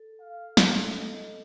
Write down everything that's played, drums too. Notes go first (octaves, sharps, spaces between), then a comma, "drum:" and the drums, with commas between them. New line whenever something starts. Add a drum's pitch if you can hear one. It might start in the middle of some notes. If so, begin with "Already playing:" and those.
Already playing: A4
F5
drum: snare
A4 D#5